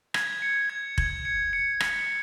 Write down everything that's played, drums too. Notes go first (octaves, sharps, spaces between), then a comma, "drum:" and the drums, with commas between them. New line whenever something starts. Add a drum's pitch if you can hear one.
G#6, drum: rim click
C#7
G#6
G#6, drum: kick F1
C#7
C#7
drum: rim click